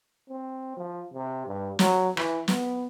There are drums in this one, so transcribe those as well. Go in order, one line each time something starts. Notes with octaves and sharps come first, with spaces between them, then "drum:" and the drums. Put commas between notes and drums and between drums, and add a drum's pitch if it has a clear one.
C4
F3
C3
G2
F#3, drum: snare
E3, drum: rim click
B3, drum: snare